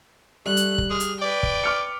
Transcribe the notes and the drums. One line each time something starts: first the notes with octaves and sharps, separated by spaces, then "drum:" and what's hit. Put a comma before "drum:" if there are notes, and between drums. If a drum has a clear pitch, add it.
G3 A3 F#6
drum: hi-hat
drum: kick
G#4 F6
drum: hi-hat
B4 D5 G5
drum: kick
D6 F6 C#7